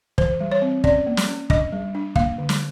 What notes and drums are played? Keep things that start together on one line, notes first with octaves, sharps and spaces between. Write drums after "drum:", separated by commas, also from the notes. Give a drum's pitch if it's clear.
E3 C5, drum: kick
G3
C#5
C4
C#4 D5, drum: kick
A#3
drum: snare
C#4
D4 D#5, drum: kick
G3
D4
A#3 F5, drum: kick
D3
drum: snare